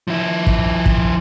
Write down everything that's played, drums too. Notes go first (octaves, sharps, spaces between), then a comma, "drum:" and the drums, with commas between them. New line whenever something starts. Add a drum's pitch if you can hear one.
F3 E4
drum: kick
drum: kick